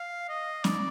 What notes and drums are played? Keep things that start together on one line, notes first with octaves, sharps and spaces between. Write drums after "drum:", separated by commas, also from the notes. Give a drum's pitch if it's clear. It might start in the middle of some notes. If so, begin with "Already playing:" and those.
Already playing: F5
D#5
D5, drum: snare